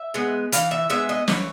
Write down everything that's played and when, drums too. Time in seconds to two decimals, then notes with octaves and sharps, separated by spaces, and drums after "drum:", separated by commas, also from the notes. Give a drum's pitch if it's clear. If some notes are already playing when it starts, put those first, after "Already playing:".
Already playing: E5
0.14 G#3 B3
0.52 E3 F5, drum: hi-hat
0.71 E5
0.90 G#3 B3 E5
1.09 D#5
1.28 E3 C#5, drum: snare